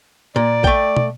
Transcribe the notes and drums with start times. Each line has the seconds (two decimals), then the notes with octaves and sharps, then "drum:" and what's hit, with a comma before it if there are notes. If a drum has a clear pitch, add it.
0.36 A#2 D5
0.64 A3 G5, drum: kick
0.97 drum: tom